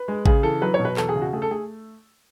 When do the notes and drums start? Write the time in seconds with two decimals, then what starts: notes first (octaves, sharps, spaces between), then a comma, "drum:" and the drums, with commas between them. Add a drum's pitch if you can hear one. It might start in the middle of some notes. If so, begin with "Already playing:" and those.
Already playing: B4
0.08 G#3
0.26 C#3 G#4, drum: kick A1
0.43 E3 A4
0.61 F#3 B4
0.74 C#5
0.80 B2
0.85 B4
0.97 E2 A4, drum: clap
1.09 G#4
1.16 C#3
1.21 F#4
1.33 A3 G#4
1.42 A4
1.51 A3 G#4